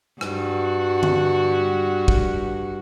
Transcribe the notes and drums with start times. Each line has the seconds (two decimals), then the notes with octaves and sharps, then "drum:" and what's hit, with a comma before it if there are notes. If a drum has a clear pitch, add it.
0.21 G2 F#4, drum: rim click
1.03 drum: tom D3
2.08 drum: kick